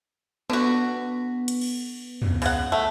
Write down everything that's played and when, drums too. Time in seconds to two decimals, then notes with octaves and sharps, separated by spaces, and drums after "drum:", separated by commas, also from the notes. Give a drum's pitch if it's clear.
0.50 D3 B3 F#4
1.48 drum: hi-hat
1.61 drum: cymbal
2.22 drum: tom
2.42 C#3 F#5, drum: open hi-hat
2.72 A3